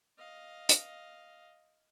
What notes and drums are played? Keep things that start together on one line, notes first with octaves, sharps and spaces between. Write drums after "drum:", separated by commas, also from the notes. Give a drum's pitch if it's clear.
D#5 F5
drum: hi-hat